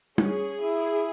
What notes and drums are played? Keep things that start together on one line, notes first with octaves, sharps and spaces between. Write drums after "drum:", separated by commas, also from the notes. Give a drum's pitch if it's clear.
C#4 G#4, drum: tom G3
E4